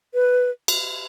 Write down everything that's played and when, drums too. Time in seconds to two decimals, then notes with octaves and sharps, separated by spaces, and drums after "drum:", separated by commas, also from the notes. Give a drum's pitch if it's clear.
0.14 B4
0.68 drum: cymbal